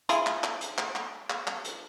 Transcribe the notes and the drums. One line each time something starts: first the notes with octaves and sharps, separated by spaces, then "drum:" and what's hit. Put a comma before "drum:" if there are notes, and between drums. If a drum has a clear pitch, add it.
E4 F4 G#4, drum: hi-hat
drum: clap
drum: clap
drum: hi-hat
drum: clap
drum: clap
drum: clap
drum: clap
drum: hi-hat